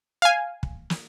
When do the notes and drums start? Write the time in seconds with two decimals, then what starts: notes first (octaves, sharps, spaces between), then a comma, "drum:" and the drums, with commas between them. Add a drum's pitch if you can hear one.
0.22 F5 G#5
0.63 drum: kick
0.90 drum: snare